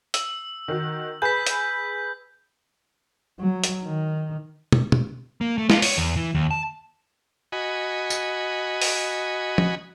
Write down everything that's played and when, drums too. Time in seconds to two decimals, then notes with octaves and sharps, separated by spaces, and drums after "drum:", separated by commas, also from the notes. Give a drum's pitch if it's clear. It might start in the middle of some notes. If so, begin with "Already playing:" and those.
0.14 E6, drum: hi-hat
0.68 D#3 F#4
1.22 G#4 B4 B5 G6 B6
1.46 drum: hi-hat
3.40 F#3
3.64 drum: hi-hat
3.84 D#3
4.72 drum: tom
4.92 drum: tom
5.41 A#3
5.58 A3
5.70 F4, drum: snare
5.82 C#5, drum: open hi-hat
5.97 E2
6.16 E3
6.34 D#2
6.51 A5
7.52 F#4 D#5 G#5 B5
8.10 drum: tambourine
8.82 drum: open hi-hat
9.58 drum: tom